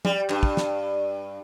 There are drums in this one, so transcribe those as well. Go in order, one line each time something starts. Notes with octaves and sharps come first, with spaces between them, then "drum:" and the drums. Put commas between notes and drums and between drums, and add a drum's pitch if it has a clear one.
G3, drum: tom
G2, drum: clap
drum: kick
drum: snare